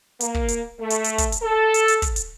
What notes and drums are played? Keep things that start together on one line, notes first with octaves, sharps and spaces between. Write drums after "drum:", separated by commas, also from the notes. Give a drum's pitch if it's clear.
A#3, drum: hi-hat
drum: kick
drum: hi-hat
A3
drum: hi-hat
drum: hi-hat
drum: kick, hi-hat
drum: hi-hat
A4
drum: hi-hat
drum: hi-hat
drum: kick, hi-hat
drum: hi-hat